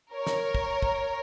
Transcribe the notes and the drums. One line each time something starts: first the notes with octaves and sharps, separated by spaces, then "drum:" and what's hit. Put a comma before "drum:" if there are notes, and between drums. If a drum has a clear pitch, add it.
A#4 C#5
drum: snare
drum: kick
drum: kick